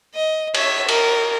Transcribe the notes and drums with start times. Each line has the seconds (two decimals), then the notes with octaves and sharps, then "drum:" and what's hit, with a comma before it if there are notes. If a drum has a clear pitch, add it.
0.14 D#5
0.55 C#5 E5, drum: cymbal
0.89 A#4, drum: cymbal